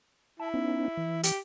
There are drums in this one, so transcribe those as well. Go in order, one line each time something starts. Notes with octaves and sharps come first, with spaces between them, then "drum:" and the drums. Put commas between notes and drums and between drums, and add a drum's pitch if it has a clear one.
E4 A5
B3 C#4 D#4
E3
G4, drum: hi-hat